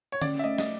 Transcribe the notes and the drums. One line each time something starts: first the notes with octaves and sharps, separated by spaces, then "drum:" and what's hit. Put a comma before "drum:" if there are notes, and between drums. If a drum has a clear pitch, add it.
C#5
C#4 D5, drum: tom D3
E5
A3 D#5
D#5, drum: snare